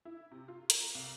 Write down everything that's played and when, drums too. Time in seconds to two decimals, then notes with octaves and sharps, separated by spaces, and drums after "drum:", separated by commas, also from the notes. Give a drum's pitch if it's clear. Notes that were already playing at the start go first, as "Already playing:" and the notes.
0.05 E4
0.31 C3
0.48 F4
0.70 A#4, drum: hi-hat
0.95 C2